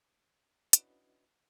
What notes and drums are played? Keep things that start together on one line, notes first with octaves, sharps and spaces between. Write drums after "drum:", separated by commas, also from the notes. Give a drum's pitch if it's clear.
C#4 D4 E4 F#4 B4 D#5, drum: hi-hat